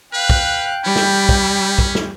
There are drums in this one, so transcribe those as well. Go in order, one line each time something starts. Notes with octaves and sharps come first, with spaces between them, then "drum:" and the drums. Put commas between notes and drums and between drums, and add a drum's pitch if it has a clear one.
B4 F5 G5 F#6
drum: kick
G3 C#4 B5
drum: snare
drum: kick
drum: kick
drum: snare